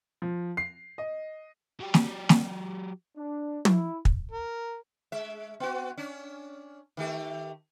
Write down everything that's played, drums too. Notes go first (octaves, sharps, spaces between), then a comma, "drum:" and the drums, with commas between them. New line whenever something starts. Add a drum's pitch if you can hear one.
F3
C7
D#5
F#3 G4
drum: snare
drum: snare
D4
E4, drum: tom
drum: kick
A#4
G#3 E5
B3 F#4
C#4 D4
D#3 A3 G4